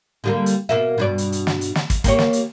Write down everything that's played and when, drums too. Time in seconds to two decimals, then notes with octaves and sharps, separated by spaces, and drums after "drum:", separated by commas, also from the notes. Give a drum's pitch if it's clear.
0.24 D3 G3 A#3
0.46 drum: hi-hat
0.69 B2 A#3 E5
0.98 G2 B2 D5
1.18 drum: hi-hat
1.32 drum: hi-hat
1.47 drum: snare
1.61 drum: hi-hat
1.75 drum: snare
1.90 drum: kick, hi-hat
2.04 A#3 G4 C#5, drum: kick, hi-hat
2.19 drum: snare
2.33 drum: hi-hat